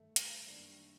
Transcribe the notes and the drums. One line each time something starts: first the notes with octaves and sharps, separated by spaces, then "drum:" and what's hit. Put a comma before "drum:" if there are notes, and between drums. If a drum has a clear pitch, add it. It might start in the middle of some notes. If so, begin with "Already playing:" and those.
Already playing: G2 D#3 G3 A3
drum: hi-hat
F#2 D#3 G3 A#3 D4